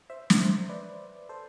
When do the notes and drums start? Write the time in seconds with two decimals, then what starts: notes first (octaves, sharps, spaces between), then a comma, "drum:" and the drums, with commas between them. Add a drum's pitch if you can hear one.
0.10 C5 E5
0.30 drum: snare
0.39 C5 E5
0.69 B4 D5
1.29 A4 C5